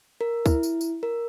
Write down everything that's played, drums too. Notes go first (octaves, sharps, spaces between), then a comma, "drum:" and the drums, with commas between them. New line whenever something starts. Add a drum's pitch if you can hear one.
A#4
E4, drum: kick, tambourine
drum: tambourine
drum: tambourine
A#4